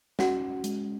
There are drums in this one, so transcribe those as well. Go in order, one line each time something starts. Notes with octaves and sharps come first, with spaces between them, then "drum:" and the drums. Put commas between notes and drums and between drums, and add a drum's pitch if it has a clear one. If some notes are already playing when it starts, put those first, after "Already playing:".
C#4 F#4 F#5, drum: snare
G#3, drum: hi-hat